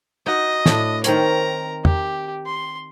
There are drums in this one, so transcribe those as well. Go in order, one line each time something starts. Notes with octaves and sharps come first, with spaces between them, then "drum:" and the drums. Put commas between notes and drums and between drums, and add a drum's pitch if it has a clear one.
D#4 F#4 D#5
A2 D4, drum: snare
D#3 C4 A#4 C#5 A#5, drum: hi-hat
G4, drum: tom
C6